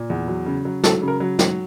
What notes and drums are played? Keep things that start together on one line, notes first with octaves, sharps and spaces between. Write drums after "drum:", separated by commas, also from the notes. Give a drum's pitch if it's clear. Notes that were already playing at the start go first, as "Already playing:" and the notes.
Already playing: A#2
E2
F#3
C#3
F#3
F#3 A4, drum: snare
C#3
A#4
F#3
F#3, drum: snare